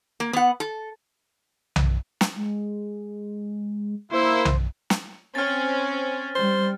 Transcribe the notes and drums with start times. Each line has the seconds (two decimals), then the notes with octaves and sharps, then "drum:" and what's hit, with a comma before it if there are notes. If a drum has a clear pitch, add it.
0.20 A#3
0.33 B3 F#5
0.60 A4
1.76 drum: tom B1
2.21 drum: snare
2.36 G#3
4.12 A#3 E4 C5
4.45 drum: tom B1
4.90 drum: snare
5.35 C4 C#4 F6 A6
6.36 G3 C5